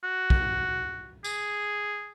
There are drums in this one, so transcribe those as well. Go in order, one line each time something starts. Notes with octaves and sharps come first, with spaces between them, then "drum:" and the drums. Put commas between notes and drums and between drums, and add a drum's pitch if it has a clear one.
F#4
drum: kick
G#4, drum: tambourine